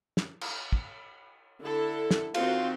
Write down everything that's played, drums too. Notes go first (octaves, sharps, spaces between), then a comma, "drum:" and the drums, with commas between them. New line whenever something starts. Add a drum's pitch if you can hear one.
drum: snare
drum: cymbal
drum: kick
D3 E4 A4
drum: snare
D#3 C4 F4 F#4, drum: cymbal